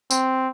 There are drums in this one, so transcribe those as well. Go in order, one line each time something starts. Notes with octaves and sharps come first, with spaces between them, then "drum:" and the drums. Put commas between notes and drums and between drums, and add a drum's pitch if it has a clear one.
C4, drum: tambourine